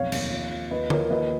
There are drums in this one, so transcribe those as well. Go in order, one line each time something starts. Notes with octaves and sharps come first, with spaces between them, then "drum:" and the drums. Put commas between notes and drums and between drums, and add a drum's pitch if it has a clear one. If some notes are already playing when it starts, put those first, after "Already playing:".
Already playing: F1 B1 C#5 F5
D#2, drum: cymbal
F3
F3
D#2 B4 D#5
F3 A#4 C#5, drum: tom D3
D#2 B4 D#5